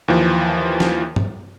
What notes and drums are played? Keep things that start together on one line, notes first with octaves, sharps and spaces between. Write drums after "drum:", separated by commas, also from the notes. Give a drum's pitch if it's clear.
D#2 E3 F3
drum: snare
drum: tom G2